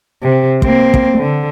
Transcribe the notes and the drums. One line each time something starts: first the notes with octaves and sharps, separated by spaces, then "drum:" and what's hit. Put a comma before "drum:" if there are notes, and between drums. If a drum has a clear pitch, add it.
C3
A#3 C4, drum: kick
drum: kick
D3